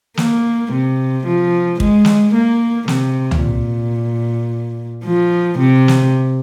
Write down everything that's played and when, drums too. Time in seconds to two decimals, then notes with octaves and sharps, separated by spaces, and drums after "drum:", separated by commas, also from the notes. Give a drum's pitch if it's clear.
0.17 A#3, drum: snare
0.72 C3
1.26 F3
1.80 G#3, drum: kick
2.05 drum: snare
2.34 A#3
2.88 C3, drum: snare
3.31 drum: tom C#2
3.42 A#2
5.04 F3
5.58 C3
5.88 drum: snare